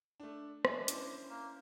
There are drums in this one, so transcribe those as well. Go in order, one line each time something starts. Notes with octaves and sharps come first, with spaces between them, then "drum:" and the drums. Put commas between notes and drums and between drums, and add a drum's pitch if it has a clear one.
A3 D4
D4 D#5 E5 G#5, drum: rim click
C#4 E4 C5, drum: hi-hat
A#3